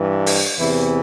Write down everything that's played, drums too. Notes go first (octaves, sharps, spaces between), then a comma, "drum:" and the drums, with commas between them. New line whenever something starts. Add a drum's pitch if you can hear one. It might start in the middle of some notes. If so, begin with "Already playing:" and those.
Already playing: G2 E3
drum: open hi-hat
E2 C3 E3 E4